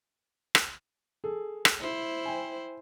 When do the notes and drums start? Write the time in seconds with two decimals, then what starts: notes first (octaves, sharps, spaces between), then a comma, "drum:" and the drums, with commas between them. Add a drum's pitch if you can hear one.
0.55 drum: rim click
1.24 G#4 A4
1.65 drum: rim click
1.80 E4 C5
2.25 G5 G#5